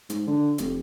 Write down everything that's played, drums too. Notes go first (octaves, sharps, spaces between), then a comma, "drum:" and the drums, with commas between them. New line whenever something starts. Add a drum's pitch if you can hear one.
G#2, drum: hi-hat
D3
F1, drum: hi-hat